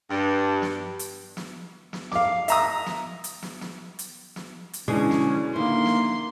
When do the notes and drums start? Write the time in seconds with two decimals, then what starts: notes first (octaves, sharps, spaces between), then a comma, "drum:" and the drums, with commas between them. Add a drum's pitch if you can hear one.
0.10 G2
0.62 drum: snare
0.99 drum: hi-hat
1.37 drum: snare
1.93 drum: snare
2.12 F5 D6, drum: snare
2.48 E5 A#5 D#6, drum: hi-hat
2.86 drum: snare
3.24 drum: hi-hat
3.43 drum: snare
3.61 drum: snare
3.99 drum: hi-hat
4.36 drum: snare
4.73 drum: hi-hat
4.88 B2 D3 E3 G#3 C#4 G#4
5.11 drum: snare
5.56 D3 D#3 A#3 E4 C6
5.86 drum: snare